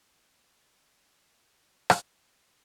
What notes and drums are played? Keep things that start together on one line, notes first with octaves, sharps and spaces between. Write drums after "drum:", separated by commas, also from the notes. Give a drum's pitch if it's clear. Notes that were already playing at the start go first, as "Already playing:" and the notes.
A#1 D#3 F3 F#3
drum: rim click